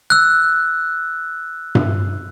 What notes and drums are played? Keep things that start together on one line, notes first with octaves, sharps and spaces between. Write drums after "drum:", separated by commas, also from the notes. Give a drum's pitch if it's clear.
E6 F#6
drum: tom G2